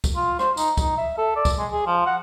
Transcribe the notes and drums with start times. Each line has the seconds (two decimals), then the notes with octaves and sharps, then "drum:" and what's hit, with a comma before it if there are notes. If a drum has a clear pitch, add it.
0.04 drum: kick, tambourine
0.16 F4
0.39 C5, drum: rim click
0.57 D#4, drum: tambourine
0.77 D#4, drum: kick, tambourine
0.98 E5
1.18 A4
1.36 D5
1.45 drum: kick, tambourine
1.58 G#3
1.72 G#4
1.86 F3
2.06 F#5